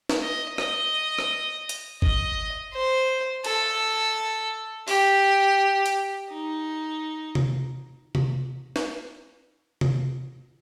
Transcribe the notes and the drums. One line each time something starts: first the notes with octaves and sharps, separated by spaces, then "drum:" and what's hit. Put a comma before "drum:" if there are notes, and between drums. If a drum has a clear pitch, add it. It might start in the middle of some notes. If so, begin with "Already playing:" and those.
drum: snare
D#5
D#5, drum: rim click
drum: rim click
drum: hi-hat
D#5, drum: kick G1
C5
A4, drum: cymbal
G4, drum: open hi-hat
drum: hi-hat
D#4
drum: tom C3
drum: tom C3
drum: snare
drum: tom C3